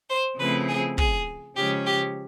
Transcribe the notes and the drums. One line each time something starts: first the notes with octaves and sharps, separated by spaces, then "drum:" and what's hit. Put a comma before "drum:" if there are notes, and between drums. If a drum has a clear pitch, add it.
C5
C#3 F3 A3 C4 E4 B4
G#4
G#4, drum: kick
C#3 F3 G#3 C#4 G4
G4